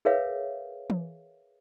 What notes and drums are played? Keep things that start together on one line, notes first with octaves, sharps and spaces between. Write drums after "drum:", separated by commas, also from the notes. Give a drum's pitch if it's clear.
G#4 A#4 B4 C#5 E5 F5
drum: tom E3